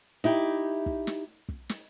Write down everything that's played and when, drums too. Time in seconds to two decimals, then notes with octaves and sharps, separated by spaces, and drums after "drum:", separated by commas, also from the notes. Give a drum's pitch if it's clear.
0.24 D#4 E4 G4
0.86 drum: kick
1.07 drum: snare
1.49 drum: kick
1.69 drum: snare